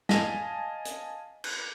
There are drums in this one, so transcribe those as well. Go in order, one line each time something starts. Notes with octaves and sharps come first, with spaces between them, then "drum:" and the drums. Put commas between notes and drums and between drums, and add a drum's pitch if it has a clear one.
D#5 F5 G#5 A5 A#6 B6, drum: snare
drum: hi-hat
drum: cymbal